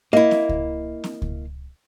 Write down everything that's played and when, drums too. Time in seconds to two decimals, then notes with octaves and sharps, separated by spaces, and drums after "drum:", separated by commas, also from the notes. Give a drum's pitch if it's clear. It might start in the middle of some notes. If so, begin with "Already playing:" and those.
0.13 A#3 E4 D#5
0.31 drum: snare C4
0.49 drum: kick C#2
1.04 drum: snare C4
1.22 drum: kick C#2